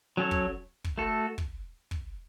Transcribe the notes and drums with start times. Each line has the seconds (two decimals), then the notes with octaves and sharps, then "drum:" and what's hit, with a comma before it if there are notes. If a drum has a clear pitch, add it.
0.17 F#3 C#4 A4 C#5
0.31 drum: kick
0.84 drum: kick
0.98 A3 F#4 A4
1.38 drum: kick
1.91 drum: kick